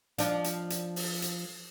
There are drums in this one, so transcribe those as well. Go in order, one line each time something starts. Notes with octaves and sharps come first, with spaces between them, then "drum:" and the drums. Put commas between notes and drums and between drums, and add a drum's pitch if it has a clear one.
F3 D4, drum: hi-hat
drum: hi-hat
drum: hi-hat
drum: open hi-hat
drum: hi-hat